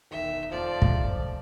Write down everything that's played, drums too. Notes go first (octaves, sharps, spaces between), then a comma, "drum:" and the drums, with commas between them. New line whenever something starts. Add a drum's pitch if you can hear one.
E1 D#3 E5
F1 F3 C4 D5 A5
drum: kick